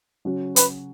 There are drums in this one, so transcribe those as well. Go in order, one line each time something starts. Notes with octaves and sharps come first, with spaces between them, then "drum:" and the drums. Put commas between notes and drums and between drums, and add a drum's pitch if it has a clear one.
C#3 F#3 C#4 F#4
B4, drum: hi-hat